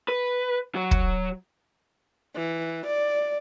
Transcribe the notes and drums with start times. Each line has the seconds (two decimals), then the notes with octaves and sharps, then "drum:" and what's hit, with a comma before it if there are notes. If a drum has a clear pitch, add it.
0.08 B4
0.75 F#3 F#4
0.91 drum: kick
2.35 E3
2.86 D5